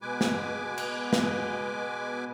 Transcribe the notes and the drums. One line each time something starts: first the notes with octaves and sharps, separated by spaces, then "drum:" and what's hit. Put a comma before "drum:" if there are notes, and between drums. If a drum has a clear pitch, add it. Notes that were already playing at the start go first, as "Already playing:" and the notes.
B2 G#3 B4 G#5 D6
drum: snare
drum: cymbal
drum: snare